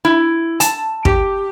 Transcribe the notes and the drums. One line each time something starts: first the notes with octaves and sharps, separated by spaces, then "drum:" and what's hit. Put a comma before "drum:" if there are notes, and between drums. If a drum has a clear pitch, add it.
E4
A5, drum: hi-hat
G4, drum: kick